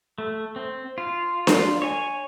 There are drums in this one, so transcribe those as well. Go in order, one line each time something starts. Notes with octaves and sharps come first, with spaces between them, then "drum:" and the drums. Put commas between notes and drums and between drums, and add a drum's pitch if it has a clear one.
A3
C4
F4
F4, drum: snare D4
C#5 G#5